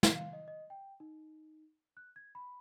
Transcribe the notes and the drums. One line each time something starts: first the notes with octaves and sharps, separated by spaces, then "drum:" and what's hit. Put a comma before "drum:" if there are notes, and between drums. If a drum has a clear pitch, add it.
drum: snare
F5
D#5
D#5
G5
D#4
F#6
G#6
B5